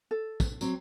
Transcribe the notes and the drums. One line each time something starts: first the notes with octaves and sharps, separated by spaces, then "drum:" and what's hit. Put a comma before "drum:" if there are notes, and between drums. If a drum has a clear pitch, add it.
A4
drum: kick, tambourine
F#3 C4, drum: tambourine